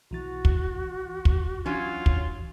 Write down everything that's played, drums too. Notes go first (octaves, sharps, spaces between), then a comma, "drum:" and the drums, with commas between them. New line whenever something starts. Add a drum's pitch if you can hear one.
B1 E3 F#4 A6
drum: kick
drum: kick
E3 F#3 C#4 D4 F4
drum: kick